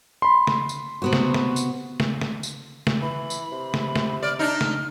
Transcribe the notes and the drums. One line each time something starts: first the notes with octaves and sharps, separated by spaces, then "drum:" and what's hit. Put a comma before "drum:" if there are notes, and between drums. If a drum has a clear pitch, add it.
B5 C6
drum: snare
drum: tambourine
C3 B3 F#4
drum: snare
drum: snare
drum: tambourine
drum: snare
drum: snare
drum: tambourine
drum: snare
E3 B5
drum: tambourine
C3
drum: snare
drum: snare
D5 F6
D4 D#4 F6
drum: snare